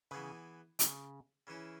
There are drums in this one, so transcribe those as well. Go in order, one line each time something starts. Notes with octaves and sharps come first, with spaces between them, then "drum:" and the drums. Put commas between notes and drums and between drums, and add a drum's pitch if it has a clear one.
C#3 E3 B3 G#4 B4
C#3, drum: hi-hat
C#3 E3 C#4 E4